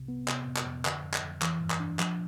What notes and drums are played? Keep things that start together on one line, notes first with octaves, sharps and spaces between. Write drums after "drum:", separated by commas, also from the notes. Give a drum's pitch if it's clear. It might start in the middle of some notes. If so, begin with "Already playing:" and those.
Already playing: C2 C3
B3
C3, drum: clap
F2
drum: clap
F2
D3, drum: clap
F2
drum: clap
F2
E3, drum: clap
G2
drum: clap
D4
F3, drum: clap